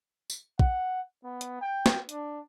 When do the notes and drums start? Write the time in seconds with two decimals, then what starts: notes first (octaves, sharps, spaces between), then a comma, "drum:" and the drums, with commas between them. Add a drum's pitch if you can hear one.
0.30 drum: tambourine
0.59 F#5, drum: kick
1.24 B3
1.41 drum: hi-hat
1.61 G5
1.86 drum: snare
2.09 D4, drum: hi-hat